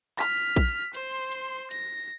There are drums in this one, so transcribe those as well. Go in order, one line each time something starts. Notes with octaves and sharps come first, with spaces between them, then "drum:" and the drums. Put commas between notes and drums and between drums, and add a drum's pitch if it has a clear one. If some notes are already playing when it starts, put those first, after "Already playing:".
F6 B6, drum: clap
drum: kick A#1, hi-hat
C5 C6, drum: hi-hat
drum: hi-hat
A#6, drum: hi-hat